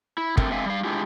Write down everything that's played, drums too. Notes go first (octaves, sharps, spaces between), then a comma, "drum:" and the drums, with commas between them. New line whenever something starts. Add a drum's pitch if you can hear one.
E4
D3 A3 C4 A#4, drum: kick
D3 G#3 C4 E5 F5 G#5
G3 F5
G#3 D4 E4 F4 G4